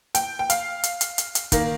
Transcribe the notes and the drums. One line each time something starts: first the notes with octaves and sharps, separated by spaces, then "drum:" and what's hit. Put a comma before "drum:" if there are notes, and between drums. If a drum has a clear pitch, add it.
G5, drum: hi-hat
G5
F5, drum: hi-hat
drum: hi-hat
drum: hi-hat
drum: hi-hat
drum: hi-hat
D#3 A#3, drum: kick, hi-hat